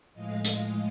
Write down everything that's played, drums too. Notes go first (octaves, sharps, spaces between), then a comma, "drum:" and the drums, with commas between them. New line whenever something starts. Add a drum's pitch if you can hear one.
A2 F3 G#3 D#5 F5
drum: hi-hat